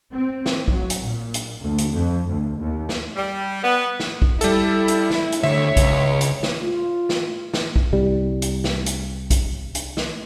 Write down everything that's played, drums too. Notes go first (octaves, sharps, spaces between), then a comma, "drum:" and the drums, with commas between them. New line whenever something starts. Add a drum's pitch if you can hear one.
C4
drum: snare
F#3, drum: kick A#1
drum: hi-hat
A#2
drum: hi-hat
D2
drum: hi-hat
F2
D2
D#2
drum: snare
G3
B3
drum: snare
drum: kick A#1
G3 E4 A4, drum: hi-hat
drum: hi-hat
drum: snare
drum: hi-hat
D2 C#5 E5
C#2, drum: kick A#1, hi-hat
drum: hi-hat
drum: snare
F4
drum: snare
drum: snare
drum: kick A#1
C2 G3
drum: hi-hat
drum: snare
drum: hi-hat
drum: kick A#1, hi-hat
drum: hi-hat
drum: snare